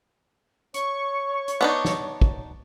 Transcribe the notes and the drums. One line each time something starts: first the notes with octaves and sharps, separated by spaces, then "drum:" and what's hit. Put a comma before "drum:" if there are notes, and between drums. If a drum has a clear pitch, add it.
C#5 C#6, drum: hi-hat
drum: hi-hat
B3 D4 D#4
drum: snare
drum: kick